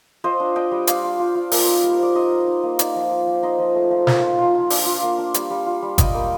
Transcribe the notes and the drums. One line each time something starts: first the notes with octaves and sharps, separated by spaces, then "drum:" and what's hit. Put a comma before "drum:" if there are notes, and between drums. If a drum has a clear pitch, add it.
F4 C5 D#5
D4
D4 D#5 G5
G3
F4 D5 F5, drum: hi-hat
F4
F4
F4
A#3 A#4 D5, drum: open hi-hat
D#4
G3
C5
A#3 D5
D#4 C5 D#5
D#4
D#4
A#3
D#4 D5 F5, drum: hi-hat
F3
D#4
F3
D#4 C5 D#5
F3
A3
F3
A#3, drum: snare
F4
F4
F4
D4 D5 F5, drum: open hi-hat
F4
A#3
D4
G3, drum: hi-hat
G3
F4
G3
G3 D#5 G5, drum: kick G1, hi-hat
A#3